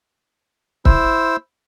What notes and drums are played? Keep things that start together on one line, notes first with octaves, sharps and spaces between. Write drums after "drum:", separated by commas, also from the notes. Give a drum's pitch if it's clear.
E4 C5 E6, drum: kick